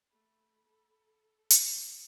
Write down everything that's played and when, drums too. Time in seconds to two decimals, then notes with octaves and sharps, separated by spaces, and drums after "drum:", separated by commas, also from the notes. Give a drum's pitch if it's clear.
0.11 A3 B5
0.67 A4
1.50 drum: hi-hat
1.68 D#6